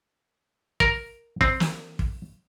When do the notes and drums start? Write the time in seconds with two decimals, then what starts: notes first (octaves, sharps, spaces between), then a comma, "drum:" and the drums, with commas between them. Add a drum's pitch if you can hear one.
0.80 A#4, drum: kick
1.41 C4, drum: kick
1.60 drum: snare
1.99 drum: kick